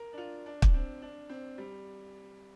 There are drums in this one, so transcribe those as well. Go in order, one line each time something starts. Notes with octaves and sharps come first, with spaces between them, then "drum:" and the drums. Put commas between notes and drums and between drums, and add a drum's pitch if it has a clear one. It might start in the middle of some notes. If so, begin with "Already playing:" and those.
Already playing: A#4
D4
F4
D4
D4, drum: kick
C4
D4
C4
G3